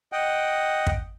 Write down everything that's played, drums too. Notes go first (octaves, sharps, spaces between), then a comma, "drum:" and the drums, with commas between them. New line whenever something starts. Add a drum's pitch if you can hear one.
D#5 F#5 G5
drum: kick